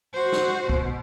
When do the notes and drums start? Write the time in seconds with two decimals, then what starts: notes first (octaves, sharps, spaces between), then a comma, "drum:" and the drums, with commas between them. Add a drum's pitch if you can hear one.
0.13 F#4 C5
0.32 drum: snare
0.70 B2, drum: kick B1